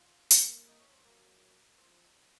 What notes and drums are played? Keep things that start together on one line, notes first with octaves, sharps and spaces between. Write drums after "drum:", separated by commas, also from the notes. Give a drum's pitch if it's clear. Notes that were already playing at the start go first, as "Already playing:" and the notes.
Already playing: F4
A#3, drum: hi-hat
D#4
C#4
C4
F#3 A#3
F3 C4